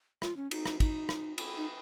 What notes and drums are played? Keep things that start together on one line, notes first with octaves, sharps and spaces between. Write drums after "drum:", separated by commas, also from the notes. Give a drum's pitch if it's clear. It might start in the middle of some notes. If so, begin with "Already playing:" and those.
F4, drum: rim click
C#4
D#4, drum: cymbal
drum: rim click
D#4, drum: kick, cymbal
drum: rim click
drum: cymbal
D#4